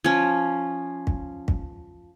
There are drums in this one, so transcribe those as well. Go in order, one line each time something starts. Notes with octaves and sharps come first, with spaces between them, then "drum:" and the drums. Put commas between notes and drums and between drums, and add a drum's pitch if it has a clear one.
F3 C#4
drum: kick
drum: kick